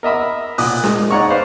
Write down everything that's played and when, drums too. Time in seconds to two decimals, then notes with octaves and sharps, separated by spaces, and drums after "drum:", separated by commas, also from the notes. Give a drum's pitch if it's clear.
0.03 A#4 D#5 E5 B5
0.58 A#2 D#6 F#6, drum: open hi-hat
0.84 G#3, drum: snare
1.11 D#4 C#5 D5 F#5 A#5 C#6
1.30 B4 C5 D5 F5 B5